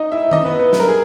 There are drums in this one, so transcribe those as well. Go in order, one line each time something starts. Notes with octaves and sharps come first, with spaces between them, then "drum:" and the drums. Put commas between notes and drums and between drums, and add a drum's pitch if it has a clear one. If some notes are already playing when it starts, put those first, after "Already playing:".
Already playing: D#4 D#5
E4 E5
D#4 D#5, drum: tom D#3
B3 B4
B3 B4
B4, drum: snare
A#4
G#4